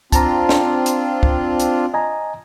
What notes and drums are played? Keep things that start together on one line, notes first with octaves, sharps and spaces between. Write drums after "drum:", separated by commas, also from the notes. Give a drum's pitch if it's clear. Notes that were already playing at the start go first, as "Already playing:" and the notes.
C4 D4 F4 A5 A#5, drum: kick, hi-hat
drum: snare
drum: hi-hat
drum: kick
drum: hi-hat
D#5 G#5 A#5